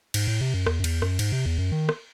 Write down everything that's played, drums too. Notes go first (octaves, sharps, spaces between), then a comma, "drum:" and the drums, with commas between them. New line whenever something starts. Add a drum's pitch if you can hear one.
G#2, drum: cymbal
A2
C3
F#2
E2, drum: rim click
F#2
E2, drum: cymbal
F#2, drum: rim click
G#2, drum: cymbal
C3
E2
F#2
D#3
drum: rim click